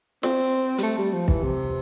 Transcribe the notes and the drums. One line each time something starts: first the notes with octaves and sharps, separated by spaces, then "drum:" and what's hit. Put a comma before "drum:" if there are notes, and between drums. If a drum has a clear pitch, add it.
C4, drum: snare
G3, drum: hi-hat
A3
G3
F3
E3, drum: kick
C3